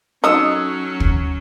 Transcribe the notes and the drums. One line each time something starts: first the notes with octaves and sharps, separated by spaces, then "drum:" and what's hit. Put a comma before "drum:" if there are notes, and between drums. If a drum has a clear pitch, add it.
F#3 C#4 D#4 A4 D#6 E6
drum: kick